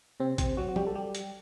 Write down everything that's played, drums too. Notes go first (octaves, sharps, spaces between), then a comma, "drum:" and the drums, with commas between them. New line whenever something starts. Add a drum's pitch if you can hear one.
C3 C4
C3 C4, drum: kick, hi-hat
F#3 F#4
F#4
G3 G4, drum: tom
A4
G3 G4
drum: hi-hat